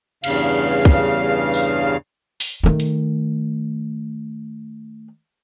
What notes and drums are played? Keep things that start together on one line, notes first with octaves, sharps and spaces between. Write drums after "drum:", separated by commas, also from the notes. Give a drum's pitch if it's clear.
E2 G2 C#3 F5, drum: cymbal
drum: kick
drum: tambourine
drum: open hi-hat
D#3 A3
drum: hi-hat